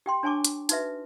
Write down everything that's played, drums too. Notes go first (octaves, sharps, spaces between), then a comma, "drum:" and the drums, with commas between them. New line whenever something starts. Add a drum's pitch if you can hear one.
G4 G5 C6
D4 C#5 G#5 A5 C#6 D6
drum: hi-hat
D#4 F#4 B4 E5, drum: hi-hat